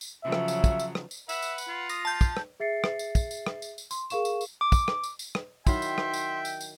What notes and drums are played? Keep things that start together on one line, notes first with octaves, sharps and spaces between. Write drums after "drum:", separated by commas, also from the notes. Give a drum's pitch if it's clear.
drum: tambourine
C#3 F3 F#3 E5
drum: rim click
drum: tambourine
drum: kick, tambourine
drum: tambourine
drum: rim click
drum: tambourine
B4 E5 F#5, drum: tambourine
drum: tambourine
drum: tambourine
F4
D#6 A#6, drum: tambourine
F3 A5 G6
drum: kick, tambourine
drum: rim click
G#4 E5 A6 C7 C#7
drum: rim click
drum: tambourine
drum: kick, tambourine
drum: tambourine
drum: rim click
drum: tambourine
drum: tambourine
C6, drum: tambourine
G#4 A#4 F5 C#6 E7, drum: tambourine
drum: tambourine
drum: tambourine
D6
drum: kick, tambourine
drum: rim click
drum: tambourine
drum: tambourine
drum: rim click
D#3 F#3 E4 E5 G5 C6, drum: kick, tambourine
drum: tambourine
drum: rim click
drum: tambourine
drum: tambourine
drum: tambourine